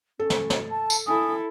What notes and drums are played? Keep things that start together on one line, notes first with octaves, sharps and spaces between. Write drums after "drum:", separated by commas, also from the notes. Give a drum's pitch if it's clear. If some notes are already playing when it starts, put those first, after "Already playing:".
C#4 A4
drum: snare
drum: snare
A5
drum: tambourine
E4 A4 G#5 D#6